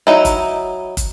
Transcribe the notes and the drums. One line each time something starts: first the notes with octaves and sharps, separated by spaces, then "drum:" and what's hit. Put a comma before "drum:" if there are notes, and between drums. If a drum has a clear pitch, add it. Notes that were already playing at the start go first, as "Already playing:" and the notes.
F#3 D#4 E4
drum: kick, hi-hat
drum: kick, hi-hat